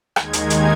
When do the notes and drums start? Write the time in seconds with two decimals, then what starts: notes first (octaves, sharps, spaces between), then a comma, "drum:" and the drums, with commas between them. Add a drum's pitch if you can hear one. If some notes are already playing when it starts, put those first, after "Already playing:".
0.16 D#2 D#3 G#3 D#4 G#6, drum: rim click
0.33 drum: hi-hat
0.50 drum: hi-hat